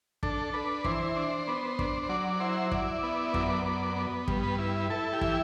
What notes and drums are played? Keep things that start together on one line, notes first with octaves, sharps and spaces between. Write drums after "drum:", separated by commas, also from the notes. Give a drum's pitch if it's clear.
D4 A4, drum: kick
D4 B4
E3 C5, drum: kick
D4
B3
D4, drum: kick
C5
F#3 D5
E4 C5
E4 D5, drum: kick
B3
F#2, drum: kick
B3
B3
G2, drum: kick
B4
E4
E4 A4
G4
E3, drum: kick